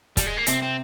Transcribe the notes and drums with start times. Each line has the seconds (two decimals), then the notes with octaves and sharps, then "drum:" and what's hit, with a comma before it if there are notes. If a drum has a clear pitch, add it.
0.17 G3, drum: kick, hi-hat
0.26 G#3
0.37 A#3
0.46 C3 C4, drum: hi-hat
0.62 C4